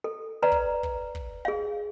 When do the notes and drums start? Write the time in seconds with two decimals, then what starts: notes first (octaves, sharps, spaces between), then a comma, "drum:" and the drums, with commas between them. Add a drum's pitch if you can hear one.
0.04 A4
0.42 B4 D5 A#5
0.52 drum: kick
0.83 drum: kick
1.15 drum: kick
1.45 G#4 F5